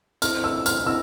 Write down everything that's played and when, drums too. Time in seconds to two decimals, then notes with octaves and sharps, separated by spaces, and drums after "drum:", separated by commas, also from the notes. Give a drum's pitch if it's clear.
0.22 C4 E4 A4 C5 F6, drum: tambourine
0.44 E6
0.66 F6, drum: tambourine
0.86 C4 E4 E6